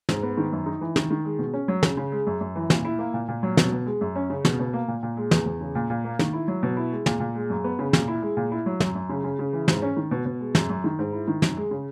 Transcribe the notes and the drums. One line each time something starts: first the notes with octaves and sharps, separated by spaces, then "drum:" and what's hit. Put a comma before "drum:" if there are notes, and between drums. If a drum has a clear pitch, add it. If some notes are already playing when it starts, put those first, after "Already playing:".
G#2, drum: snare
B3
D#3
F#2
D#4
E3
D#3, drum: snare
D#3
G#3
B2
C#4
F#3
C#3, drum: snare
C#3
G#3
F#2
F#2
E3
A#2, drum: snare
E4
A#3
A#2
A#2
F#3
B2, drum: snare
B2
G#3
F#2
C#4
C#3
B2, drum: snare
B2
A#3
A#2
A#2
G#3
E2, drum: snare
E2
C#3
A#2
A#2
A#3
D#3, drum: snare
E4
F#3
B2
E4
G#3
A#2, drum: snare
A#2
G#3
F#2
B3
C#3
A#2, drum: snare
E4
G#3
A#2
E4
F#3
F#2, drum: snare
F#2
C#3
C#3
C#3
E3
G#2, drum: snare
C#4
D#3
B2
B2
G#3
F#2, drum: snare
F#2
D#3
G#2
E4
D#3
F#2, drum: snare
G#3
C#3